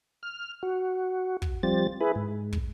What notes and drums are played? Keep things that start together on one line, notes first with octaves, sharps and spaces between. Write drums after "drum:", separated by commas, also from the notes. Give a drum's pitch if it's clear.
F6
F#4
drum: kick
F3 G3 C4 A6
E4 G#4 B4
G#2
drum: kick